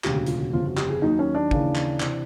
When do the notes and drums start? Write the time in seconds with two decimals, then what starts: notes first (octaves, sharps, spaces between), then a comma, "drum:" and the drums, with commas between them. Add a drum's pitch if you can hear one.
0.04 E1 D2 C#3 G4, drum: clap
0.15 F#4
0.26 F4, drum: hi-hat
0.37 F#4
0.53 G1 F2 C#3 F4
0.66 F#4
0.77 G4, drum: clap
0.90 G#4
1.02 D#2 D#3 F#3 D#4
1.19 C#4
1.35 D4
1.51 D#2 C#3 E3, drum: kick
1.75 drum: clap
2.00 C3 E3, drum: clap